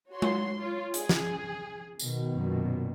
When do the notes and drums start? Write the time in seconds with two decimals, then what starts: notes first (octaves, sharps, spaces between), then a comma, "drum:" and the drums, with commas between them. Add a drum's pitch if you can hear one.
0.11 F#4 C#5 C6
0.22 drum: tom G#3
0.59 F4 C#5
0.94 G#4, drum: hi-hat
1.09 drum: snare
1.99 B2 D#3, drum: tambourine
2.35 F#2 A#2